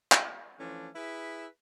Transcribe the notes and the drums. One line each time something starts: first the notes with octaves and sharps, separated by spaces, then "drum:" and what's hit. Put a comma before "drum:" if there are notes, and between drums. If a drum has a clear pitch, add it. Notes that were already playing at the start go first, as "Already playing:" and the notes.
drum: clap
E3 F3 A3 C#4 D4
E4 G#4 B4 E5